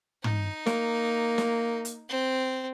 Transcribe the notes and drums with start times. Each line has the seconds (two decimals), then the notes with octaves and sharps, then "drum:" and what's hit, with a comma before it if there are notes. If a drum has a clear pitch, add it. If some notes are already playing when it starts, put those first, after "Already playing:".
0.24 D#4, drum: tom
0.66 A#3, drum: snare
1.38 drum: snare
1.85 drum: hi-hat
2.09 C4